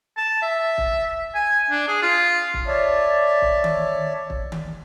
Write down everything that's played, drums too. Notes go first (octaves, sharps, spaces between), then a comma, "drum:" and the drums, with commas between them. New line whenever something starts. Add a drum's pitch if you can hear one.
A5
E5
drum: kick
G#5
D4
G#4
F4
drum: kick
C#5 D5 E5 A5
drum: kick
drum: tom D#3
drum: kick
drum: tom D#3